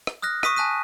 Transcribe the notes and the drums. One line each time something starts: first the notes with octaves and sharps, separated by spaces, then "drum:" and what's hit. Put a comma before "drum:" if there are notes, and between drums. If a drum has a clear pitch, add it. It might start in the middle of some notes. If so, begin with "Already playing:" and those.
drum: rim click
D#6 F6 F#6 A#6
C#6 D#6 B6 D#7, drum: rim click
G#5 A5 F#6 B6 D#7